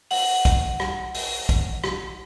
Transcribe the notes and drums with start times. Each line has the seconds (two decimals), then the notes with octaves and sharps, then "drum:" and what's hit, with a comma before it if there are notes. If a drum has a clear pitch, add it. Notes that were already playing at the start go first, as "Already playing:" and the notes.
0.11 F#5 F#7, drum: open hi-hat
0.45 drum: kick, hi-hat
0.80 drum: rim click
1.14 drum: open hi-hat
1.49 drum: kick, hi-hat
1.84 drum: rim click